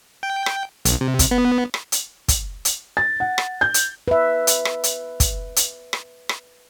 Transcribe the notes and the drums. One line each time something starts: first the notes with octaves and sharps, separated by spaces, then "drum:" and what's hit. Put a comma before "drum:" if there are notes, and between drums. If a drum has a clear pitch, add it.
G5
drum: rim click
B1, drum: hi-hat
C3
drum: kick, hi-hat
B3
drum: rim click
drum: hi-hat
drum: kick, hi-hat
drum: hi-hat
A6
F#5
drum: rim click
G6
drum: hi-hat
B4 E5
drum: hi-hat
drum: rim click
drum: hi-hat
drum: kick, hi-hat
drum: hi-hat
drum: rim click
drum: rim click